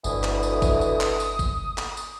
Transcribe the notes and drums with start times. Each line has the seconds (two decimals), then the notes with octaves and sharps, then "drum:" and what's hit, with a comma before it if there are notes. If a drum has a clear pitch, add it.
0.04 G1 D2 B2 E3 D#6, drum: tambourine
0.24 drum: clap
0.43 drum: tambourine
0.62 drum: kick A1, tambourine
0.81 drum: tambourine
1.01 drum: clap
1.20 drum: tambourine
1.39 drum: kick A1, tambourine
1.78 drum: clap
1.97 drum: tambourine